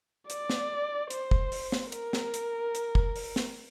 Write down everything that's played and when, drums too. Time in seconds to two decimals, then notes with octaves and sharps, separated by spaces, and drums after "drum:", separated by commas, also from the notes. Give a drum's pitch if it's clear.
0.30 D5, drum: hi-hat
0.50 drum: snare
1.10 C5, drum: hi-hat
1.31 drum: kick
1.52 drum: open hi-hat
1.72 drum: snare
1.92 A#4, drum: hi-hat
2.13 drum: snare
2.34 drum: hi-hat
2.75 drum: hi-hat
2.95 drum: kick
3.16 drum: open hi-hat
3.36 drum: snare